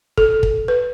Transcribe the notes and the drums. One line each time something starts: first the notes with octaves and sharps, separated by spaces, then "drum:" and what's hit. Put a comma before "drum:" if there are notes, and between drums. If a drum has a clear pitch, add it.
A4, drum: kick
drum: kick
B4